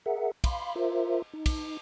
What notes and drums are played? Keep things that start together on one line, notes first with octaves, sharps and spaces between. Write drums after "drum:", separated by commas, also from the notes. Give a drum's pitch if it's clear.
G#4 A#4 E5 F#5
F5 B5 C6, drum: kick, cymbal
F4 A#4 C5 E5
D#4
drum: kick, cymbal